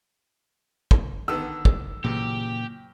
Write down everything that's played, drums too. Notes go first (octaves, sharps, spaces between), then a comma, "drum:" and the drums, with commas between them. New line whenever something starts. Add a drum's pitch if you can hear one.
drum: kick
D3 D#3 B3 E6
drum: kick
F#2 A#2 C#3 E3 G4